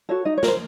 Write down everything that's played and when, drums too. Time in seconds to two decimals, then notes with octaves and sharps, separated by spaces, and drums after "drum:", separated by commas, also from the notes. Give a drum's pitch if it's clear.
0.09 F#4 A4 C#5
0.25 D#4 D#5
0.38 C#5
0.43 A#4, drum: snare
0.48 C5